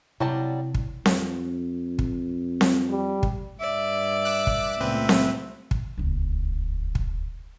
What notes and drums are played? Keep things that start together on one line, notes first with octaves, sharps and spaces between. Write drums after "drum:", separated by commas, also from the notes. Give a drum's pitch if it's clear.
C3 F#3 G3 E4 A5
drum: kick
F2, drum: snare C4
drum: kick
drum: snare C4
G3
drum: kick
G2 D5 E5
D6 E6 F#6
drum: kick
C#2 A#2 A3 C4 B4
drum: snare C4
drum: kick
D#1 C#2
drum: kick